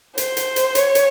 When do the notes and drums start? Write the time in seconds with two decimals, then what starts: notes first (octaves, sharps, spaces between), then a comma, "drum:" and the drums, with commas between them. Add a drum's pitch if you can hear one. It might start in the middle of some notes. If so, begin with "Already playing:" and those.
0.18 C5, drum: hi-hat
0.37 drum: hi-hat
0.56 drum: hi-hat
0.75 C#5, drum: hi-hat
0.95 drum: hi-hat